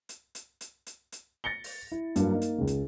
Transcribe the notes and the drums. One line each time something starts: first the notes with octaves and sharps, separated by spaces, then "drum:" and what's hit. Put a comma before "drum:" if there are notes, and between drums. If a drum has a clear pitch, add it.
drum: hi-hat
drum: hi-hat
drum: hi-hat
drum: hi-hat
drum: hi-hat
A6 A#6 C#7 G7
drum: open hi-hat
E4
G2 F#3 A#3, drum: hi-hat
A#3 D#4
drum: hi-hat
C#2 C#3
drum: hi-hat